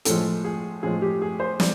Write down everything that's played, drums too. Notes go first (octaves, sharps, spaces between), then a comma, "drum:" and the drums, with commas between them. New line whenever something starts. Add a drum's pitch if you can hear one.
A2 F3 G#3 A4, drum: hi-hat
G#4
A2 F3 G#3 G#4
G4
G#4
C5
D5, drum: snare